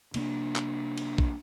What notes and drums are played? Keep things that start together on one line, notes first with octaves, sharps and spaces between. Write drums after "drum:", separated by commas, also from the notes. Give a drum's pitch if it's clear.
C3 A#3 B3 D4, drum: cymbal
drum: clap
drum: cymbal
drum: kick